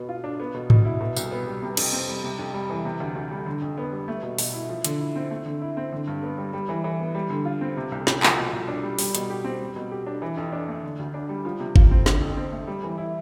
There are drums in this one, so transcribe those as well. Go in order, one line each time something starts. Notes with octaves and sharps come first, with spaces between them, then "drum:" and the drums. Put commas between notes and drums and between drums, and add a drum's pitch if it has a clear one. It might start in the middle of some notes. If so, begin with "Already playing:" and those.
Already playing: B2 B3
F4
D4
B3
B2
B2, drum: tom G#2
E4
B2
C2, drum: tambourine
B3
G3
C3
F2, drum: cymbal
C4
G3
C3
F2
G3
E3
C3
D2
D2
G3
D3
F2
B3
G3
A3
B2
B2, drum: open hi-hat
E4
F3
D3, drum: hi-hat
E4
C4
A3
D3
E4
C4
D3
G2
B3
G3
G3
E3
E3
B3
G3
D3
F4
C4
C3
C2
C2, drum: snare
F3, drum: clap
B2
C2
D4
G3
G3, drum: open hi-hat
B2, drum: hi-hat
G4
C4
G3
B2
G4
D4
E3
F2
D4
A3
D3
D2
D4
G3
F3
C3
F4, drum: kick G1
C4
D3, drum: snare
F2
C4
A3
G3
E3
E4